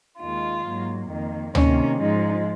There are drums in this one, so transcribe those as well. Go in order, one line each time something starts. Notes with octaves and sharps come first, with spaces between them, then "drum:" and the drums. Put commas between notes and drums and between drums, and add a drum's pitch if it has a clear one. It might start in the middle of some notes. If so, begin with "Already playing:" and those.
D#2 D#3 G#3 F4
G#2 F#3 A#3
F2 D#3 A#3
C3 D#3 A#3 C#4, drum: tom D2
G#2 F3 G#3 D#4